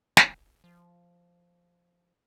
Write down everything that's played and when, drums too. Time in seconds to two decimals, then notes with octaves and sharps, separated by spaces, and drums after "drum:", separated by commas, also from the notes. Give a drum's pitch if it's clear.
0.17 F3, drum: snare
0.64 F3